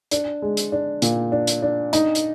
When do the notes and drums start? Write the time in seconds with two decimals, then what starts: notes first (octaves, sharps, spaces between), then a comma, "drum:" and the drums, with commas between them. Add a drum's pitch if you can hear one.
0.11 D4, drum: hi-hat
0.42 G#3
0.57 drum: hi-hat
0.72 D4
1.02 A#2, drum: hi-hat
1.32 D4
1.47 drum: hi-hat
1.62 D4
1.93 D#4, drum: hi-hat
2.15 drum: hi-hat